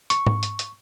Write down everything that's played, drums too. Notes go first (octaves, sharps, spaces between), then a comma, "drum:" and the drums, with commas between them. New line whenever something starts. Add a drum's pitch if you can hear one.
C#6, drum: hi-hat
drum: tom G#2
drum: hi-hat
drum: hi-hat